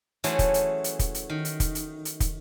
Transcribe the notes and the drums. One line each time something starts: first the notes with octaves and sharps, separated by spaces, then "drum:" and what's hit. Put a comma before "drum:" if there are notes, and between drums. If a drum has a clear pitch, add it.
E3 F#3 A3 C#4 G#4 C5, drum: hi-hat
drum: kick, hi-hat
drum: hi-hat
drum: hi-hat
drum: kick, hi-hat
drum: hi-hat
D#3
drum: hi-hat
drum: kick, hi-hat
drum: hi-hat
drum: hi-hat
drum: kick, hi-hat